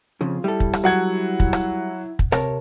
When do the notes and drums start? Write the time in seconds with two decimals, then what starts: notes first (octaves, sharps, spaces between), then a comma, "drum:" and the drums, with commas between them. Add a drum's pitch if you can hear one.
0.21 F2 C#3 F4
0.44 G3 E4 A4
0.60 drum: kick
0.73 drum: rim click
0.84 F#3 F#5 G#6
1.40 drum: kick
1.53 drum: rim click
2.19 drum: kick
2.32 C3 A#4 C#5 A5, drum: rim click